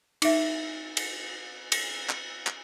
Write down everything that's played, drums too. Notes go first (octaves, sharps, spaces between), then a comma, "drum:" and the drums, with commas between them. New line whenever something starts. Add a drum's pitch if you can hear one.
D#4 E5, drum: cymbal
drum: cymbal
drum: cymbal
drum: clap
drum: clap